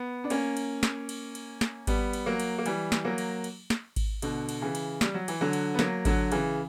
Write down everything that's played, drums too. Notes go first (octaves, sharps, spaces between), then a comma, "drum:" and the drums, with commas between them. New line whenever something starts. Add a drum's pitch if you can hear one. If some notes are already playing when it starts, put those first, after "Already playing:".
Already playing: B3
D4
A#3 C#4, drum: cymbal
drum: cymbal
drum: snare
drum: cymbal
drum: cymbal
drum: snare
G3 B3, drum: kick G#1, cymbal
drum: cymbal
F#3 A#3
drum: cymbal
A#3
E3 G3, drum: cymbal
drum: snare
F#3 A#3
drum: cymbal
drum: cymbal
drum: snare
drum: kick G#1, cymbal
B2 D3, drum: cymbal
drum: cymbal
C#3 E3
drum: cymbal
G3, drum: snare
F#3
E3, drum: cymbal
D3 F#3
drum: cymbal
B3
F#3 A#3, drum: snare
D3 F#3, drum: kick G#1, cymbal
C#3 E3, drum: cymbal